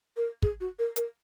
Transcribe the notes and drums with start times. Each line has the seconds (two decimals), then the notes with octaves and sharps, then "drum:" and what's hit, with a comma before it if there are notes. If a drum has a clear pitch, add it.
0.17 A#4
0.42 G#4, drum: kick
0.60 F#4
0.79 A#4
0.96 A#4, drum: hi-hat